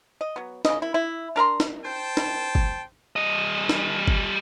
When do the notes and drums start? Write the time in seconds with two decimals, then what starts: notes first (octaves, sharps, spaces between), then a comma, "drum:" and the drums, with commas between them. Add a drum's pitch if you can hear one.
0.21 D#5
0.36 F#3 B3
0.65 C#3 D#5, drum: snare
0.82 E4
0.94 E4
1.36 D4 A#4 A#5 C6
1.60 drum: snare
1.86 C5 G5 A5
2.17 drum: snare
2.55 drum: kick
3.16 G3 D#5
3.69 drum: snare
4.08 drum: kick